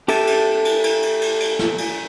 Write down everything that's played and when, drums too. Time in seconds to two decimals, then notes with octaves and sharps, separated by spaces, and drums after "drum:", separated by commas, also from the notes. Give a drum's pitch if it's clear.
0.08 G4 A4 E5 A5, drum: cymbal
0.27 drum: cymbal
0.65 drum: cymbal
0.84 drum: cymbal
1.03 drum: cymbal
1.21 drum: cymbal
1.40 drum: cymbal
1.59 drum: snare
1.78 drum: cymbal